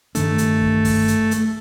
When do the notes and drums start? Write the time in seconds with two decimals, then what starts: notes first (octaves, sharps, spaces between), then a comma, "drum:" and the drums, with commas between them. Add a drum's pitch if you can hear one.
0.15 G2 D#3 A3 D4, drum: hi-hat
0.38 drum: hi-hat
0.61 drum: kick
0.85 drum: kick, open hi-hat
1.08 drum: hi-hat
1.31 drum: hi-hat